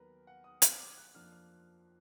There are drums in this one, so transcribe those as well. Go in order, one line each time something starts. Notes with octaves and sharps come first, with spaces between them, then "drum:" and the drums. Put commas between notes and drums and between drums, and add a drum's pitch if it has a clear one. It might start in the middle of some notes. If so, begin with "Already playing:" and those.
Already playing: D#2 F#3 B3 A#4 B4
F#5
D#6
F6, drum: hi-hat
D6
F#6
F2 F3 A#3 D4 F6
F6